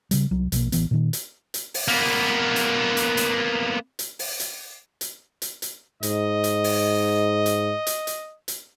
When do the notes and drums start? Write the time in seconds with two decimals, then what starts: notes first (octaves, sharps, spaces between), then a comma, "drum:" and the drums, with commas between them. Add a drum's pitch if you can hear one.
0.11 C#3 G3, drum: hi-hat
0.31 C2 F#3
0.52 A#1 B2 E3 A#3, drum: hi-hat
0.72 A1 E3 B3, drum: hi-hat
0.91 A#2 D#3
1.13 drum: hi-hat
1.54 drum: hi-hat
1.74 drum: open hi-hat
1.88 A#3 B3
2.56 drum: hi-hat
2.97 drum: hi-hat
3.17 drum: hi-hat
3.99 drum: hi-hat
4.19 drum: open hi-hat
4.40 drum: hi-hat
5.01 drum: hi-hat
5.42 drum: hi-hat
5.62 drum: hi-hat
6.03 G#2 D#5, drum: hi-hat
6.44 drum: hi-hat
6.64 drum: open hi-hat
7.46 drum: hi-hat
7.87 drum: hi-hat
8.07 drum: hi-hat
8.48 drum: hi-hat